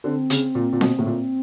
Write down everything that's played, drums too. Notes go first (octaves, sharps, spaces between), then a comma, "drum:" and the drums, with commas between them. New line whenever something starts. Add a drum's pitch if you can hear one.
D3 C4
C#3, drum: hi-hat
A#2
A#2
B2, drum: snare C4
A2
A#2